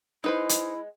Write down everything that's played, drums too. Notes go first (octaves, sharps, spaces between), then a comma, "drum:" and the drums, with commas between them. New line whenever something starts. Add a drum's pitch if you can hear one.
G#3 B3 D#4 E4 B4 C5
drum: hi-hat